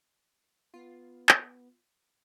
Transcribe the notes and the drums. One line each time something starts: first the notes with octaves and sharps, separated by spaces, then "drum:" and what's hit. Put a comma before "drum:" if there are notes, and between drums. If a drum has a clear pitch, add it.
B3 F4
drum: clap